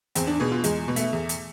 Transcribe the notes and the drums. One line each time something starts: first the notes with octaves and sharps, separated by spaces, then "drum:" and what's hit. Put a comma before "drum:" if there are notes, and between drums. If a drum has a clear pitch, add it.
E2 C4, drum: hi-hat
D4
B2 G#4
F4
E2 G#3, drum: hi-hat
B2
A3, drum: hi-hat
E2
drum: hi-hat